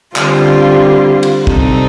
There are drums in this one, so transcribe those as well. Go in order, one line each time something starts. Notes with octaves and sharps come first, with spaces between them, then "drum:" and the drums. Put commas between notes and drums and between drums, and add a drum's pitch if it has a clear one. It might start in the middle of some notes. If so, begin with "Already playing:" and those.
D3 G3 C4 F4, drum: clap
drum: cymbal
C3 G3 C4 D#4 A4, drum: kick